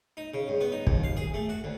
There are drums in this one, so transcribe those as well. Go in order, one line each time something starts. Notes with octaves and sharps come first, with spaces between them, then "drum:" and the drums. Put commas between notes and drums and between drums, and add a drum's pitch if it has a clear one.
D#4
C#3
G2
B3
D#4
D#2, drum: kick
F5
G#4
A3
F#4
D2